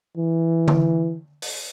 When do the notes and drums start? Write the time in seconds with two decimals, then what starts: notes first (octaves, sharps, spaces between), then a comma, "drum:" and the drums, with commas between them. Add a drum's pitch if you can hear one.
0.17 E3
0.68 drum: tom D3
1.42 drum: open hi-hat